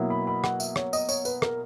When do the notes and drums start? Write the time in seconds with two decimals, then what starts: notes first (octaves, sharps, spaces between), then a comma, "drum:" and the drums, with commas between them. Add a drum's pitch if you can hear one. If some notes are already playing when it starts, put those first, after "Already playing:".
Already playing: B2 F#3 A#3 E4
0.10 B5
0.27 B5
0.44 F#5, drum: rim click
0.60 E5, drum: tambourine
0.76 C#5, drum: rim click
0.93 D#5, drum: tambourine
1.09 C#5, drum: tambourine
1.25 B4, drum: tambourine
1.42 A#4, drum: rim click